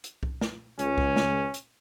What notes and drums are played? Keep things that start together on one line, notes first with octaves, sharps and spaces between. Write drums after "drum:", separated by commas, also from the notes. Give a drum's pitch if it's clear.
drum: hi-hat
drum: kick C2
drum: snare
C#2 C#4, drum: hi-hat
drum: kick C2
drum: snare
drum: hi-hat